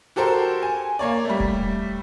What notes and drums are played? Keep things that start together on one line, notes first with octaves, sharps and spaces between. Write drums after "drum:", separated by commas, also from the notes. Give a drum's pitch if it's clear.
F#4 G4 A4 A#4 C5
G#5
A#3 C#5 D5
G3 A3
drum: kick D#1